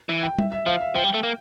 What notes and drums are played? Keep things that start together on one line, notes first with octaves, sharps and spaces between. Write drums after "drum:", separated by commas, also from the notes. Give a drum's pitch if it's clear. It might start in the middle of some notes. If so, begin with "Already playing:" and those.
E3
G5
E5, drum: tom G3
E5
F3 F5
E5
F3 G5
G3
A3
A#3